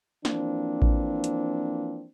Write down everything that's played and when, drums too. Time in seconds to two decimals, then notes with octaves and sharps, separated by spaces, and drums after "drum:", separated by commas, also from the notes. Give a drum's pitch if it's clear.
0.25 E3 F3 A#3 C4 D4, drum: snare
0.82 drum: kick A1
1.24 drum: hi-hat